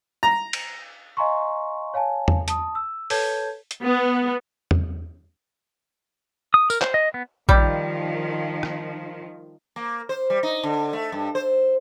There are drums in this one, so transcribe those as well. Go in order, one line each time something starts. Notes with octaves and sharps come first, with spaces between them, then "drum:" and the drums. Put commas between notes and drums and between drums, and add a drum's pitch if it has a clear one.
A#5
drum: cymbal
D#5 F5 G#5 A#5 C6 C#6
C#5 F5 G#5 A5
drum: tom E2
A5 D#6, drum: hi-hat
E6
A4 B4 C#5 A5 G6 G#6, drum: open hi-hat
drum: hi-hat
B3
drum: tom E2
D#6
A#4, drum: tambourine
C5, drum: clap
D#5
B3
D#3 F3 G3, drum: kick A#1
drum: rim click
A#3
C5
G3
D#4
D3
A3
G2
C5